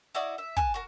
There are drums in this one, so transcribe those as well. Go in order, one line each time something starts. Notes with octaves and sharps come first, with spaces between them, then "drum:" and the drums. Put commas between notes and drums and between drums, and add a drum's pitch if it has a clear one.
E4 F#4 D5 D#5
E5
G#5 A5 F#6, drum: kick
F#4 A#4